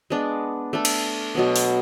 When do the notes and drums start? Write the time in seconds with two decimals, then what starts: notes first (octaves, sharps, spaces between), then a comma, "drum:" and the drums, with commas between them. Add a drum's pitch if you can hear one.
0.10 G#3 B3 D4
0.73 A3 D4 A4
0.85 drum: cymbal
1.35 B2 F#3 B3
1.56 drum: open hi-hat